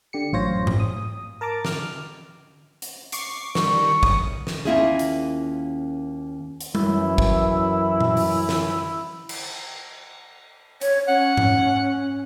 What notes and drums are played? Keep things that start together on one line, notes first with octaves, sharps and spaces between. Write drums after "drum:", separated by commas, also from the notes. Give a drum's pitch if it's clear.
D3 G4 C#7
A1 F#2 F4 C5 C#5 A#6
drum: tom G#2
D#6
A#4 A5 A#5 D6
D6 F6, drum: snare
drum: hi-hat
C#6 D6 C7, drum: hi-hat
D#3 G3 C#6, drum: snare
G1 F#2 D#6, drum: kick
drum: snare
D#2 A#3 C#4 E4 F4 G#4
drum: hi-hat
drum: hi-hat
F#2 E3 E4, drum: tom G3
drum: kick
drum: tom A#2
drum: open hi-hat
drum: snare
drum: cymbal
C#5, drum: hi-hat
C#4 F#5
drum: tom G#2